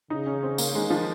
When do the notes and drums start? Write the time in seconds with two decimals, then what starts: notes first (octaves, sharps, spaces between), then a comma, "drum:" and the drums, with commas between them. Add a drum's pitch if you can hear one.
0.10 C#3 D#4
0.26 C#4
0.43 C4
0.58 A#3, drum: tambourine
0.74 D#3 G#3
0.90 F3